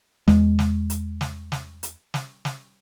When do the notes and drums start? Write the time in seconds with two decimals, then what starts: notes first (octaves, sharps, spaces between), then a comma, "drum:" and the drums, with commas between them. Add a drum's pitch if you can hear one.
0.28 E2 G#3, drum: snare
0.59 drum: snare
0.90 drum: hi-hat
1.21 drum: snare
1.52 drum: snare
1.83 drum: hi-hat
2.14 drum: snare
2.45 drum: snare